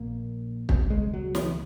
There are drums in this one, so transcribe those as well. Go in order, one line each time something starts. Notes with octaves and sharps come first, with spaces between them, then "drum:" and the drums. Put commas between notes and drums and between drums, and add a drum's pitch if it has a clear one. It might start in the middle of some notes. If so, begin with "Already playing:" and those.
Already playing: A#1 A#2 A#3
drum: kick
C#2 B2 G#3
F#3
E3, drum: snare